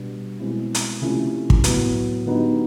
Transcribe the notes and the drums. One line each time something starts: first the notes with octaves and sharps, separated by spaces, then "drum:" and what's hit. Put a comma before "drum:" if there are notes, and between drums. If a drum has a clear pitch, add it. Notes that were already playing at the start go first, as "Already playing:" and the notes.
Already playing: B2 G3 B3 D4
B2 G#3 C4 E4
drum: hi-hat
C3 F3 A3 C#4 E4
drum: kick
A2 F#3 B3, drum: hi-hat
D3 F#3 B3 D#4 G4